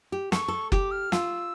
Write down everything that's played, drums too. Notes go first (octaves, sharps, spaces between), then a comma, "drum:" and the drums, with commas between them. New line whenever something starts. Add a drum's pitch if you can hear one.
G4
A4 C#6, drum: snare
A4
G4 D6, drum: kick F#1
F6
F4 E6, drum: snare